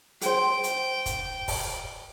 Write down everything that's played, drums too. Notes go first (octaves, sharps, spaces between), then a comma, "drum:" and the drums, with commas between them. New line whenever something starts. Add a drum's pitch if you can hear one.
G#4 C5 G5, drum: hi-hat
drum: hi-hat
drum: kick, hi-hat
drum: kick, open hi-hat